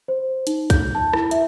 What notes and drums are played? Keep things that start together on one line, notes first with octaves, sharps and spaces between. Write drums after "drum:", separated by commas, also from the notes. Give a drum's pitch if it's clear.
C5
D#4, drum: hi-hat
G6, drum: kick, hi-hat
A5
E4, drum: rim click
E5, drum: hi-hat